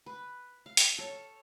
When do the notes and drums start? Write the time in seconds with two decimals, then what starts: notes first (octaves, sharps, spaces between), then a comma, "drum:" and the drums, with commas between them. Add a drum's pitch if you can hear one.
0.06 B4
0.66 F5
0.77 drum: hi-hat
0.98 A4 C#5